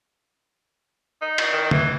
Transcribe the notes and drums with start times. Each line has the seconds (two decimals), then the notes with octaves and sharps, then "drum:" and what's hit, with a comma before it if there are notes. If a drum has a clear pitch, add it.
1.22 D#4
1.38 drum: cymbal
1.52 D#3
1.71 E3, drum: tom